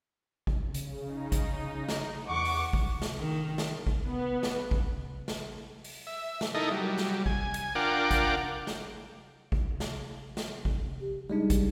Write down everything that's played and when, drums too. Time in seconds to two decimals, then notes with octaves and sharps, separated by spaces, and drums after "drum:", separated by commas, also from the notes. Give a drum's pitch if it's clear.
0.47 drum: kick
0.74 C#3, drum: hi-hat
1.12 D#4
1.32 drum: kick, hi-hat
1.89 drum: snare
2.29 E2 F#5 C#6 D6
2.45 drum: open hi-hat
2.73 drum: kick
3.02 drum: snare
3.18 D#3
3.58 drum: snare
3.86 drum: kick
4.05 B3
4.43 drum: snare
4.71 drum: kick
5.28 drum: snare
5.84 drum: open hi-hat
6.07 E5
6.41 drum: snare
6.55 D#4 E4 A4 A#4 D#5
6.71 F#3 G3
6.98 drum: snare
7.26 G#5, drum: kick
7.54 drum: hi-hat
7.75 D4 F4 A#4 F#5 G5 D6
8.11 drum: kick, hi-hat
8.67 drum: snare
9.52 drum: kick
9.80 drum: snare
10.37 drum: snare
10.65 drum: kick
11.01 G4
11.30 G3 G#3 D4 D#4
11.50 drum: kick, hi-hat